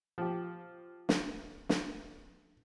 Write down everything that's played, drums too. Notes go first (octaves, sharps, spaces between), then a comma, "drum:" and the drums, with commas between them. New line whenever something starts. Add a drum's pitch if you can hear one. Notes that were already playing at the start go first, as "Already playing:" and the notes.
F3 G4
drum: snare
drum: snare